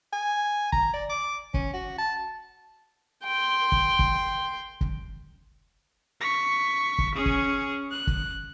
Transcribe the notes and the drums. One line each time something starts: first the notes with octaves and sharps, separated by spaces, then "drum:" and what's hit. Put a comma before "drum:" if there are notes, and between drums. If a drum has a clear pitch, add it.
G#5
A#5, drum: kick
D5
D6
C#4, drum: kick
F#4
A5
G5 C6
drum: kick
drum: kick
drum: kick
C#6 B6
drum: kick
C#4 G#4
drum: kick
F#6
drum: kick